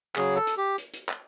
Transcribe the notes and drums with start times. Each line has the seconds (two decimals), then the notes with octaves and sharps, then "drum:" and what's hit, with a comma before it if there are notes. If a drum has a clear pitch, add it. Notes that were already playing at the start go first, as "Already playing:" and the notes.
0.16 C#3 F#3 G#4, drum: clap
0.36 A4
0.47 drum: hi-hat
0.58 G4
0.78 drum: hi-hat
0.93 drum: hi-hat
1.09 drum: clap